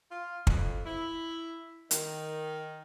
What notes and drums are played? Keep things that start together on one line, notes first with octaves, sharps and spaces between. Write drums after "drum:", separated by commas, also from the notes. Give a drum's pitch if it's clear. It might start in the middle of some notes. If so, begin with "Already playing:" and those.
F4
F2, drum: kick
E4
D#3, drum: hi-hat